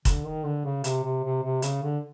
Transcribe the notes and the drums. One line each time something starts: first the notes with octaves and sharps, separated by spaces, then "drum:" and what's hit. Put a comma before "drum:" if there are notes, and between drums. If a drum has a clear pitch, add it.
D3, drum: kick F1, hi-hat
D#3
D3
C#3
C3, drum: hi-hat
C3
C3
C3
C#3, drum: hi-hat
D3